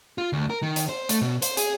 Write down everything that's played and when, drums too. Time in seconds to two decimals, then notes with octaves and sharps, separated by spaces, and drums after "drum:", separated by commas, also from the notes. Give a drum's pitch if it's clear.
0.18 F4
0.33 D2
0.50 A#4
0.63 D#3
0.76 drum: hi-hat
0.89 C5
1.09 A3, drum: hi-hat
1.21 B2
1.42 C5, drum: hi-hat
1.57 G#4, drum: hi-hat